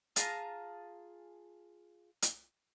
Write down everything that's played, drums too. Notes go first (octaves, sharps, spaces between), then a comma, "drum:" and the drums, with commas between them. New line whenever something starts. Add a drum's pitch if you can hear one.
F4 G#4 A5 A#5, drum: hi-hat
drum: hi-hat